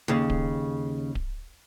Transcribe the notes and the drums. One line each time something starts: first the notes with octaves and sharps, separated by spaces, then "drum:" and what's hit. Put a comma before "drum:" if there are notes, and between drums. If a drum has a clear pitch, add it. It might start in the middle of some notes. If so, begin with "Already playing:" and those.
D#2 C#3
drum: kick D1
drum: kick D1